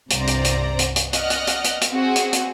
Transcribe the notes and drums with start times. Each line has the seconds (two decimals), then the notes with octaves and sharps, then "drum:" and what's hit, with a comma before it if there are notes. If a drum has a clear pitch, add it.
0.10 C2 G2 C3 C5 D5 A#5, drum: hi-hat
0.27 drum: hi-hat
0.44 drum: hi-hat
0.79 drum: hi-hat
0.96 drum: hi-hat
1.13 D5 D#5 F#5 F6 F#6, drum: hi-hat
1.30 drum: hi-hat
1.47 drum: hi-hat
1.64 drum: hi-hat
1.81 drum: hi-hat
1.91 C4 F#4 G#4
2.16 drum: hi-hat
2.33 drum: hi-hat